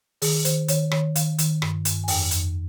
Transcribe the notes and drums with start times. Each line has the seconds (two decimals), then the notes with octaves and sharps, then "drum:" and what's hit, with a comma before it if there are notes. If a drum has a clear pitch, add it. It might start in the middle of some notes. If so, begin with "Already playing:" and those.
0.22 D#3 G#4, drum: open hi-hat
0.45 D#3 C5, drum: hi-hat
0.68 D#3 C#5, drum: hi-hat
0.91 D#3 C#5, drum: rim click
1.15 D#3 F5, drum: hi-hat
1.38 D#3, drum: hi-hat
1.62 G2, drum: rim click
1.85 G2, drum: hi-hat
2.04 G#5
2.08 F2 G5, drum: open hi-hat
2.31 F2, drum: hi-hat